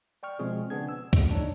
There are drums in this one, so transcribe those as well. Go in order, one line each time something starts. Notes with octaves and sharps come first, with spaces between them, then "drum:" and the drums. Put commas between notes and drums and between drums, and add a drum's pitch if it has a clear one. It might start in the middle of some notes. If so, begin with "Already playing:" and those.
D5 G5 C#6 F6
B2 F3 G#3 C4 F4 G#4
C#3 B3 D4 G#4 G#6
E6
E2 A#2 G#4, drum: kick C#2, hi-hat
D4 D#4 C#5